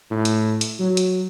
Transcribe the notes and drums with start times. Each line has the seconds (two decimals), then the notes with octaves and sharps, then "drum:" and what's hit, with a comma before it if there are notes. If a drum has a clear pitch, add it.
0.11 A2
0.25 drum: hi-hat
0.61 drum: hi-hat
0.79 F#3
0.97 drum: hi-hat